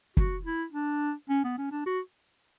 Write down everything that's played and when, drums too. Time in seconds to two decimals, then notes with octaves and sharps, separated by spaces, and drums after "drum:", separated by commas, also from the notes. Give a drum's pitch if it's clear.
0.17 F#4, drum: kick
0.45 E4
0.73 D4
1.30 C#4
1.44 B3
1.58 C#4
1.71 D4
1.86 F#4